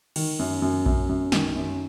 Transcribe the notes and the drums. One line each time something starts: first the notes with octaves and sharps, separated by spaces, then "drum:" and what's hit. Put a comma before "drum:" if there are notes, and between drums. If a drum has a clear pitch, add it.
D#3, drum: cymbal
F#2
F#2
F#2, drum: kick A#1
F#2
D#3, drum: snare
F#2